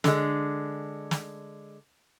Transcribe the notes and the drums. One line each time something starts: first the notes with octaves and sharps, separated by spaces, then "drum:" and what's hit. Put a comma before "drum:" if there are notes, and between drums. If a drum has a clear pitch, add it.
D3 G#3, drum: snare
drum: snare